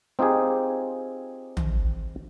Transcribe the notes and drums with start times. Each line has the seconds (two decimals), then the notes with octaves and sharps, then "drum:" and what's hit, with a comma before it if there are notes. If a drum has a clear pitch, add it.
0.19 C4 D#4 F4 G4 G#4
1.57 drum: tom